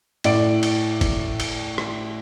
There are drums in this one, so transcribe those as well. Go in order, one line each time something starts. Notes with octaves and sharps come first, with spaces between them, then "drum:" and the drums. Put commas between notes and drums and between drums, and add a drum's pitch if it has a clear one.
A2 D5 D7, drum: cymbal
drum: cymbal
drum: kick, cymbal
drum: cymbal
drum: rim click